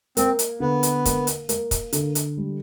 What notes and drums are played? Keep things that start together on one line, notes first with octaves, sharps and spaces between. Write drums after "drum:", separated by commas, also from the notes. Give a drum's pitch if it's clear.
A#3 C4, drum: hi-hat
drum: hi-hat
D3 B3
drum: hi-hat
A#3, drum: kick, hi-hat
drum: hi-hat
A#3, drum: hi-hat
drum: kick, hi-hat
D3, drum: hi-hat
drum: hi-hat
G3